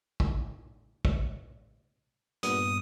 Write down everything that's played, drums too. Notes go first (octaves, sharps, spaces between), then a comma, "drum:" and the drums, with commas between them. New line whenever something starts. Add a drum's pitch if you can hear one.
drum: kick
drum: kick
G2 A#2 B3 D#6, drum: hi-hat